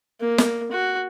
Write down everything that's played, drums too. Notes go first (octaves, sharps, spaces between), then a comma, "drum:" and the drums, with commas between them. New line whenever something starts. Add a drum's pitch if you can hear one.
A#3
drum: snare
F#4